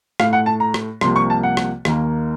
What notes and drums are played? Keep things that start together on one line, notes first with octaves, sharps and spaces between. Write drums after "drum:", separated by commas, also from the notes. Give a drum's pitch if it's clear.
A2 A3 F5, drum: rim click
F#5
A5
A#5
drum: rim click
C2 C3 F3 A#3 C6, drum: rim click
C#6
A5
F#5
drum: rim click
D#2 D#3 A#3, drum: rim click